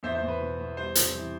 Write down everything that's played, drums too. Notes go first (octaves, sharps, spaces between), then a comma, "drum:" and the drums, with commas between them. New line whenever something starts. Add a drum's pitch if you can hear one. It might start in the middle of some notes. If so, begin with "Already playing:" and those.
E2 C5 E5
C5
E2
B4
B2
E2
G3 C5
C3, drum: hi-hat
E3